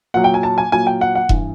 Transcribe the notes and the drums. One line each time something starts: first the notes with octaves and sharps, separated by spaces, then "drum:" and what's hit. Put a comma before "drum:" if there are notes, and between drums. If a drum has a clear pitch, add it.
A#2 F#3 F#5
G5
G#5
A5
G#5
A#2 F#3 G#5
G5
F#5
F#5
G2 E3, drum: kick E1